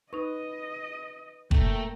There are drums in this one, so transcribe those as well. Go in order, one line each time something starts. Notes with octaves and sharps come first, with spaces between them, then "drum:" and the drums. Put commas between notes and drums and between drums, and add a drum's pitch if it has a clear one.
D#4 B4 D#5 C#6
A3 A#3 C#4 G5 A#5, drum: kick